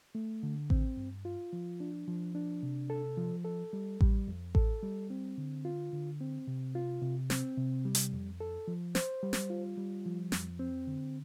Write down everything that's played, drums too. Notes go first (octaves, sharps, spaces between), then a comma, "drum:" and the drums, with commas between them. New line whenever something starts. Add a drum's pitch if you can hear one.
A3
D3
C4, drum: kick A1
G2
F4
F3
D4
F3
D4
C3
A4
F3
A4
G3
G3, drum: kick A1
F2
A4, drum: kick A1
G3
C4
D3
F4
D3
C4
C3
F4
C3
C4, drum: snare
C3
G3
drum: hi-hat
F2
A4
F3
C5, drum: snare
G3
drum: snare
F4
G3
F3
F2, drum: snare
C4
D3